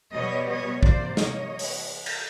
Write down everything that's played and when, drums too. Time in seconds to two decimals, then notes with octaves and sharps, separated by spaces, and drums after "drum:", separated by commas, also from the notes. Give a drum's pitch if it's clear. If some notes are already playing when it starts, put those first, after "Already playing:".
0.13 B2 G3 B3 C#5 D#5
0.48 C#5 D#5
0.83 C3 E3 G3 A#3 C5 D5, drum: kick A#1
1.17 C#5 D#5, drum: snare
1.59 drum: open hi-hat
2.06 drum: cymbal